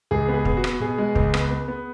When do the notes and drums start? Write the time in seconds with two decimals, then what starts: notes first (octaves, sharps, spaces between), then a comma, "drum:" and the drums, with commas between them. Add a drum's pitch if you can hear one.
0.11 C#2 G#4
0.28 B3
0.34 G#4
0.45 B3, drum: kick
0.57 F#4
0.64 B3, drum: rim click
0.80 B2 G#4
0.98 G#3
1.15 C#2, drum: kick
1.34 B3, drum: rim click
1.51 B3
1.68 B3